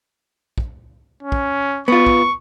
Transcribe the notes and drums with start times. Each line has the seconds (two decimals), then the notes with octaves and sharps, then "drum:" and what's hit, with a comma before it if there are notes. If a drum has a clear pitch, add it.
0.58 drum: kick
1.23 C#4
1.32 drum: kick
1.88 B3 F4 C#6
2.07 drum: kick